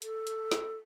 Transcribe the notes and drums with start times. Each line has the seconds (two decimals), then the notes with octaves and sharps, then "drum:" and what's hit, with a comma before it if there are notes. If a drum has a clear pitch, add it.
0.02 A4, drum: hi-hat
0.27 drum: hi-hat
0.52 drum: snare